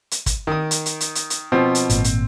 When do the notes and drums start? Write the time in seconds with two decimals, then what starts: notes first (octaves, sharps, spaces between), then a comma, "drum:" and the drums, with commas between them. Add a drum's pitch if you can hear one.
0.11 drum: hi-hat
0.26 drum: kick, hi-hat
0.47 D#3 D#6
0.71 drum: hi-hat
0.86 drum: hi-hat
1.00 drum: hi-hat
1.15 drum: hi-hat
1.30 drum: hi-hat
1.52 B2 F3 C4
1.75 drum: hi-hat
1.90 G#1 A#2, drum: hi-hat
2.04 drum: hi-hat